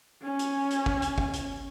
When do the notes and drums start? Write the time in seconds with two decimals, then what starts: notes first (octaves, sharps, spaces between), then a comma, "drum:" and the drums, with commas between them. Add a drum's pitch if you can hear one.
0.23 C#4
0.39 drum: hi-hat
0.70 drum: hi-hat
0.86 drum: kick
1.02 drum: hi-hat
1.18 drum: kick
1.33 drum: hi-hat